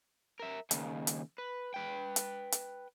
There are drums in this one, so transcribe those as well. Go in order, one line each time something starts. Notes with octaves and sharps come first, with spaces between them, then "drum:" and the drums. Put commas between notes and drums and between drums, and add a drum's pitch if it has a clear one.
A#4 E5
D#2 C#3, drum: hi-hat
drum: hi-hat
B4
B4 G5
drum: hi-hat
drum: hi-hat